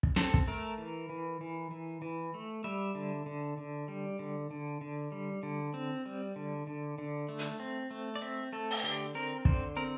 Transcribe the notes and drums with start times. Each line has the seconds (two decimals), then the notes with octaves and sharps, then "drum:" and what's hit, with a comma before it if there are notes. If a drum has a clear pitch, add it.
0.03 drum: kick
0.16 C4 A4, drum: snare
0.34 drum: kick
0.47 A3 A#4
0.78 E3
1.10 E3
1.41 E3
1.71 E3
2.02 E3
2.34 A3
2.64 G3 E5
2.95 D3
3.26 D3
3.57 D3
3.88 G3
4.19 D3
4.51 D3
4.81 D3
5.12 G3
5.43 D3
5.74 C4
6.06 G3
6.36 D3
6.67 D3
6.98 D3
7.29 A3
7.39 drum: hi-hat
7.60 C4
7.91 A3
8.15 D5
8.22 C4 E5
8.53 A3 A4
8.71 drum: open hi-hat
8.83 D3 G4
9.15 C4 A#4
9.45 D3 C5, drum: kick
9.77 C4 A#4